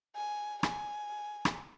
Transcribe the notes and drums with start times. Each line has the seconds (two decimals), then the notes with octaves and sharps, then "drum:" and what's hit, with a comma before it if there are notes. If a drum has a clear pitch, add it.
0.15 G#5
0.63 G#5, drum: rim click
1.45 drum: rim click